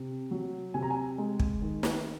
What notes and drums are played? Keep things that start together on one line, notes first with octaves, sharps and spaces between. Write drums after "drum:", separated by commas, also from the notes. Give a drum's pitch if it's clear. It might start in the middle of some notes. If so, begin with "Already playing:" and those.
Already playing: C3
F#3
C3 G#5
A#5
G#5
G#3
drum: kick
D#3
drum: snare